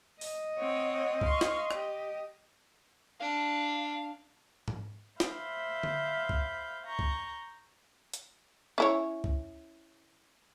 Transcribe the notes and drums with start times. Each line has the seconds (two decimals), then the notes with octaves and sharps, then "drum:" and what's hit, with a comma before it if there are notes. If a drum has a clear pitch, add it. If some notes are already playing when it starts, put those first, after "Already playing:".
0.21 D#5, drum: open hi-hat
0.58 C4 C#5 F#5
1.21 F5 C6 C#6, drum: kick
1.41 drum: snare
1.71 G4, drum: rim click
3.21 D4 F5
4.68 drum: tom G#2
5.20 C5 E5 F5 B5 G6, drum: snare
5.83 drum: tom D3
6.29 drum: kick
6.86 A#5 C#6 G6
6.99 drum: kick
8.14 drum: hi-hat
8.78 C#4 E4 C#5
9.24 drum: kick